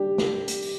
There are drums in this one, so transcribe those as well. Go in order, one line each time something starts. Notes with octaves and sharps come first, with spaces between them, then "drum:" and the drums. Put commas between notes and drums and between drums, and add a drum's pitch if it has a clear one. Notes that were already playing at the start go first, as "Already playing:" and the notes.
Already playing: G3 D4 G4
drum: snare
drum: hi-hat
drum: open hi-hat